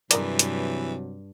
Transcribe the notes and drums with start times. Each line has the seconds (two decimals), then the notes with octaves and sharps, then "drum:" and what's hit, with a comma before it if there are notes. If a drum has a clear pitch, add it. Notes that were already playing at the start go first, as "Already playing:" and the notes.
0.11 G2 C3 E3 F#3 G#3 A#4 D5, drum: hi-hat
0.39 drum: hi-hat